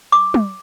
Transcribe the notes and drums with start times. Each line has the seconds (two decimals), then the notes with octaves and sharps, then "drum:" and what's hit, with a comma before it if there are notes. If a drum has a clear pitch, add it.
0.12 D6
0.34 drum: tom